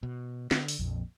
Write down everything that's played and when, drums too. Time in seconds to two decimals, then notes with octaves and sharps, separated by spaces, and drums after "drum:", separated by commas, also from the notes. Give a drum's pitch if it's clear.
0.03 B2
0.51 D3, drum: snare
0.68 drum: open hi-hat
0.79 A#1 F2